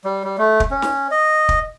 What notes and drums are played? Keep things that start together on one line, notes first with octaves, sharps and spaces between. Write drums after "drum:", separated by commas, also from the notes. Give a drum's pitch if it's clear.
G3
G3
A3
drum: kick
C#4
drum: snare
D#5
drum: kick